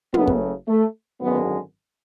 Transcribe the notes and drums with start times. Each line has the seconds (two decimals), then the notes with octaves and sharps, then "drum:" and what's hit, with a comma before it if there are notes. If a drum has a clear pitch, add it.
0.14 F#1 F#2 C#3 F#3 A3 B3, drum: tom
0.27 drum: kick
0.68 A3
1.22 G#1 F#2 D3 G#3 B3